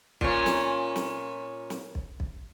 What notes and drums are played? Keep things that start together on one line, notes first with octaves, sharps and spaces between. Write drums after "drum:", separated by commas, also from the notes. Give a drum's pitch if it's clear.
A#2 C#4, drum: kick
drum: snare
drum: snare
drum: snare
drum: kick
drum: kick